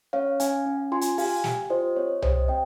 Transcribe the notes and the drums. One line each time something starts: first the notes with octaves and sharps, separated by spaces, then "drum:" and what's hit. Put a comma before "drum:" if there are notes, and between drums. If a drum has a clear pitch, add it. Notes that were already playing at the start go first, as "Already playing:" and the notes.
C#4 C#5 F5
C#4 F5 G#5, drum: hi-hat
C#4
F4 G#5 C6
drum: hi-hat
G4 F5 G#5, drum: open hi-hat
G4, drum: snare
F4 C5 D#5
C4 C#5
G4 C5 D#5, drum: tom C2
C4 D#5 G5